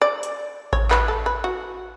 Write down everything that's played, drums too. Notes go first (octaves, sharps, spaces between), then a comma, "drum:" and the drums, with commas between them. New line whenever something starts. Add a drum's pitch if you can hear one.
D5
drum: hi-hat
C#5, drum: kick A1
B4, drum: clap
A4
B4
F#4